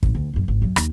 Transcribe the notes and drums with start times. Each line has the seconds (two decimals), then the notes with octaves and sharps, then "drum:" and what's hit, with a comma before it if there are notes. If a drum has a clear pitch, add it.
0.03 A#1 A2, drum: kick
0.15 D2
0.33 A#1 F#2
0.48 G#1
0.62 F#2 F#3
0.76 D#2, drum: rim click